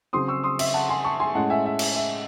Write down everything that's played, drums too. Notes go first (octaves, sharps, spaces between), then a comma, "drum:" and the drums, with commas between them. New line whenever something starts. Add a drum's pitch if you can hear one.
C#3 F#3 C4 C6 D#6
C#6 E6
C6 D#6
E5, drum: cymbal
F#5 A5
G#5 C6
A5 C#6
G#5 C6
A2 G#3 C#4 F#5 A5
E5 G#5
E5
drum: cymbal
E5